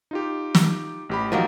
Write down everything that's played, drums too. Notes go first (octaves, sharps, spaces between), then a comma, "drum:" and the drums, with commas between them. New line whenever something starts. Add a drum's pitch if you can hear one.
D#4 F4 G4
drum: snare
A1 G4 B5
D#3 F3 F#3 A#3 D#5